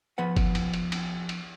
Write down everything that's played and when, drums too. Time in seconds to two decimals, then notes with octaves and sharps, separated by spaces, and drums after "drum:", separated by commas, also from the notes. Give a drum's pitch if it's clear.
0.18 F3 B3 B4 F#5
0.36 drum: kick F#1, cymbal
0.55 drum: cymbal
0.74 drum: cymbal
0.92 drum: cymbal
1.29 drum: cymbal